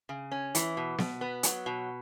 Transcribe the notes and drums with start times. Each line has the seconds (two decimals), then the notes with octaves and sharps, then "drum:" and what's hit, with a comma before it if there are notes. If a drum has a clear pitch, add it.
0.09 C#3
0.32 C#4
0.55 E3, drum: hi-hat
0.77 B2
0.98 B2, drum: snare B3
1.21 B3
1.43 F#3, drum: hi-hat
1.66 B2